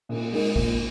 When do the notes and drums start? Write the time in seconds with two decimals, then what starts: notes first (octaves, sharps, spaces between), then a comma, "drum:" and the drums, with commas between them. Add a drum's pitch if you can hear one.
0.09 A#2, drum: cymbal
0.32 G#3 D#4 A#4 D#5, drum: cymbal
0.56 A#2, drum: kick A1, cymbal